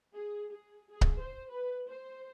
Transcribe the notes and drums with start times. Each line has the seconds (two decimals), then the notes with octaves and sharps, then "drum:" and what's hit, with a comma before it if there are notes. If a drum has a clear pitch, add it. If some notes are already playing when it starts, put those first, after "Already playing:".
0.15 G#4
0.51 G#4
0.91 G#4
1.01 drum: kick C#1
1.20 C5
1.51 B4
1.89 C5